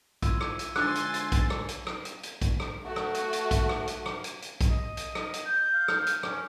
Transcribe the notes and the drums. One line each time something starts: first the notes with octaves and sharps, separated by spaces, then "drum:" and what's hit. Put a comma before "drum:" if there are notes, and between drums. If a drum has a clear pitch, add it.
E4 F4 E6 G#6 D#7, drum: kick, hi-hat
drum: rim click
drum: hi-hat
D3 F3 G#3 G#5 C6 E6 F#6 A6, drum: rim click
drum: hi-hat
drum: hi-hat
drum: kick, hi-hat
drum: rim click
drum: hi-hat
drum: rim click
drum: hi-hat
drum: hi-hat
drum: kick, hi-hat
drum: rim click
A3 F#4
drum: rim click
drum: hi-hat
drum: hi-hat
drum: kick, hi-hat
drum: rim click
drum: hi-hat
drum: rim click
drum: hi-hat
drum: hi-hat
drum: kick, hi-hat
D#5
drum: hi-hat
drum: rim click
drum: hi-hat
G6
F5
drum: rim click
drum: hi-hat
C#4, drum: rim click